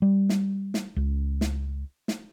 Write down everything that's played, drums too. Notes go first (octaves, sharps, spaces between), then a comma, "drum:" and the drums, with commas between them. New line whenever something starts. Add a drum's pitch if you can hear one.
G3
drum: snare
drum: snare
C#2
drum: snare
drum: snare